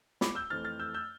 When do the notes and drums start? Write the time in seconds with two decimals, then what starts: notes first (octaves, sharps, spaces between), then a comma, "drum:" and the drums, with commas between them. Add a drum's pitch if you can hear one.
0.21 B5 D6, drum: snare
0.35 E6 G6
0.50 F2 E3 A3 C4 F6 A6
0.64 F6 A6
0.79 E6 G6
0.94 E6 G6